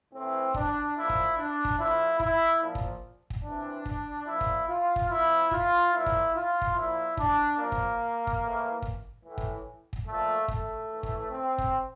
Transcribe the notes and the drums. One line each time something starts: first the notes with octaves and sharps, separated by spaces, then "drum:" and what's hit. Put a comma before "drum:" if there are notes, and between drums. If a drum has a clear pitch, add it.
A2 E3 C4
D4, drum: kick
A#2 F3 E4
drum: kick
D4
drum: kick
A2 F3 E4
E4, drum: kick
A#2 F3
drum: kick
drum: kick
C3 E3 D4
drum: kick
A#2 F3 E4
drum: kick
F4
drum: kick
C3 F3 E4
F4, drum: kick
A#2 F3 E4
drum: kick
F4
drum: kick
A#2 F3 E4
D4, drum: kick
A#2 F3 A#3
drum: kick
drum: kick
A2 E3
drum: kick
A2 E3
drum: kick
drum: kick
A#2 F3 A3
A3, drum: kick
A2 E3
drum: kick
C4
drum: kick